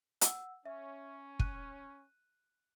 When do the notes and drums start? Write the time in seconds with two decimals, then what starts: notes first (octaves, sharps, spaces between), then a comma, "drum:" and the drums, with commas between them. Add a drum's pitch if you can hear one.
0.21 F#5 E6, drum: hi-hat
0.66 C#4 E5
1.39 F#6 D#7, drum: kick